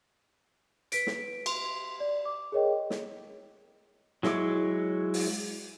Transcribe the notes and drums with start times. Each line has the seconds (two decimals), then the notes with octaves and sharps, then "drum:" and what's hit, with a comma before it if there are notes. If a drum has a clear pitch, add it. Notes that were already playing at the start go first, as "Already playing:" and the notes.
0.92 B4 B6 D7, drum: hi-hat
1.07 drum: snare
1.46 C6 F7, drum: cymbal
2.00 D5
2.25 D6
2.52 G#4 A#4 C#5 D#5 G5
2.90 drum: snare
4.23 F#3 G#3 E4 C#5 D6, drum: snare
5.14 drum: open hi-hat